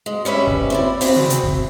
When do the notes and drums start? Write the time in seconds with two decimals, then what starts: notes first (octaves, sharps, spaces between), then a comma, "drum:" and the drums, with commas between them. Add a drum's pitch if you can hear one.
0.06 G#3
0.25 G3 C#4 B4 E5
0.47 drum: kick
0.70 C4 E4 D5
1.01 C4 E4 F#4 G#4, drum: open hi-hat
1.16 drum: tom C3
1.30 drum: hi-hat
1.44 drum: kick